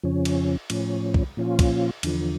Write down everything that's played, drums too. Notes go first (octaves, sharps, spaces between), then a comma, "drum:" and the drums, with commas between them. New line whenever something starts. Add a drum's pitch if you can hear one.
F2 C#3 F3 C#4
drum: cymbal
A2 F3 C#4, drum: cymbal
drum: kick
A#2 F3 C#4 F4
drum: kick, cymbal
E2 D3 F3, drum: cymbal